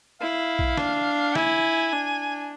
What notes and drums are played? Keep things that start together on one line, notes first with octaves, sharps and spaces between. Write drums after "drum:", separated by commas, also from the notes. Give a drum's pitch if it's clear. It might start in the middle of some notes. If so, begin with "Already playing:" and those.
E4 F5
drum: kick A#1
D4, drum: snare
E4 G#5, drum: snare
D4